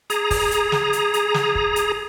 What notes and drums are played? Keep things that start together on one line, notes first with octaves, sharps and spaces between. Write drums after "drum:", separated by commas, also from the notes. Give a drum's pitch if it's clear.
G#4 A#5, drum: hi-hat
drum: kick, open hi-hat
drum: hi-hat
drum: snare
drum: hi-hat
drum: hi-hat
drum: snare
drum: kick
drum: hi-hat